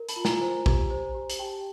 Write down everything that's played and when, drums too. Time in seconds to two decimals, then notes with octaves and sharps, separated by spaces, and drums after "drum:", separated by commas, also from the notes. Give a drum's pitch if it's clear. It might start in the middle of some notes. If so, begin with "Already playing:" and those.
Already playing: A#4
0.09 A5 B5, drum: hi-hat
0.16 F4
0.25 G#5 A#5, drum: snare
0.41 C5
0.66 G4, drum: kick A1
0.91 C5
1.15 G4
1.30 drum: hi-hat
1.39 G4 G5 A5